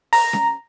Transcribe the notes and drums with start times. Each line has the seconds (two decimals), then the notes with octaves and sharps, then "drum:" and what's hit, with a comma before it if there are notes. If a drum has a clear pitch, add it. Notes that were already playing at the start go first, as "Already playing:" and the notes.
0.13 A#5, drum: open hi-hat
0.33 drum: snare C#4